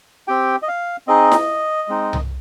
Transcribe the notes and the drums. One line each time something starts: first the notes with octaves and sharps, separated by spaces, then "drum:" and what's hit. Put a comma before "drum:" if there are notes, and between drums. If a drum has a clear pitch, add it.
C4 G4 G5
D#5
F5
C4 D#4 G#4 D#5
drum: snare E4
G#3 C4 D#4
drum: tom C2